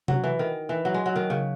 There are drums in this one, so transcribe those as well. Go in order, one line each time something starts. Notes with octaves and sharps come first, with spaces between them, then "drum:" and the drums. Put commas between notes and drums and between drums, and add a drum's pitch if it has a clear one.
F#3, drum: tom C3
E3
D#3
E3
F#3
G#3
F#3
D#3
C#3